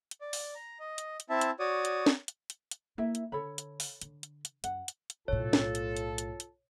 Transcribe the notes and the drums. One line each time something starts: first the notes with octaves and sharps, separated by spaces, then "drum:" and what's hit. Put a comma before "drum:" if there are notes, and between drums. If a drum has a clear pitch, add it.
drum: hi-hat
D5
drum: open hi-hat
A#5
D#5
drum: hi-hat
drum: hi-hat
C4 E4 E5 A5
drum: hi-hat
F#4 C#5 D5 D#6
drum: hi-hat
drum: snare
drum: hi-hat
drum: hi-hat
drum: hi-hat
A#3 E4 A#4 E5
drum: hi-hat
D3 A4 C#5 B5
drum: hi-hat
drum: open hi-hat
D3, drum: hi-hat
drum: hi-hat
drum: hi-hat
F#2 F#5, drum: hi-hat
drum: hi-hat
drum: hi-hat
B1 A2 F4 A4 C#5
drum: snare
drum: hi-hat
drum: hi-hat
drum: hi-hat
drum: hi-hat